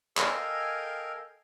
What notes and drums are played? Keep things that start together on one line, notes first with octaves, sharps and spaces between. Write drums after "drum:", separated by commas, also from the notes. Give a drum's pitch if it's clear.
A4 A#4 D#5 F5 G5 G#5, drum: clap